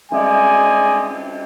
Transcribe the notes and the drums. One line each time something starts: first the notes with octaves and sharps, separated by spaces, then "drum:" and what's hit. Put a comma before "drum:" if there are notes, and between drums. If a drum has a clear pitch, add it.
G#3 D5 D#5 G#5, drum: cymbal